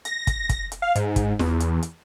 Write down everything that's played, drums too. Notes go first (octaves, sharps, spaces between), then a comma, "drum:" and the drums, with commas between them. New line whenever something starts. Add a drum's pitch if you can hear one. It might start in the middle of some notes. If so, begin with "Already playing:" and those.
A#6, drum: hi-hat
drum: kick, hi-hat
drum: kick, hi-hat
drum: hi-hat
F5
G#2, drum: hi-hat
drum: kick, hi-hat
E2, drum: snare
drum: hi-hat
drum: hi-hat